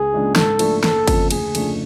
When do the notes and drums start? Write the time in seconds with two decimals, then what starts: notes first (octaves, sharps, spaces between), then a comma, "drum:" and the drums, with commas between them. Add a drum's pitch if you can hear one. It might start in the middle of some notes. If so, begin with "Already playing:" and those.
Already playing: C#2 G#4
0.12 C#3 G#3 D4 F4
0.36 G#2 A4, drum: snare
0.59 F3 A3 D4 F4, drum: cymbal
0.84 F#1 A4, drum: snare
1.08 F2 C#3 F3, drum: kick G1, cymbal
1.31 D2 G#4, drum: cymbal
1.55 C#3 F3 A3 D4, drum: cymbal